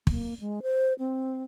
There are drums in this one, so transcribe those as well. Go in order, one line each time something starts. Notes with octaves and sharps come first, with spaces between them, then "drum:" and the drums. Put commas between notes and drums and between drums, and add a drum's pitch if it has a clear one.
A#3, drum: kick
G#3
C5
C4